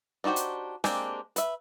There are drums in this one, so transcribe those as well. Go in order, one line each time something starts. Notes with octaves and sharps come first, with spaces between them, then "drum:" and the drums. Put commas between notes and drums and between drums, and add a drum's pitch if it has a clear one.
D4 D#4 F#4 G4 C5
drum: hi-hat
G#3 A#3 C4 D4 G4, drum: rim click
B4 E5, drum: hi-hat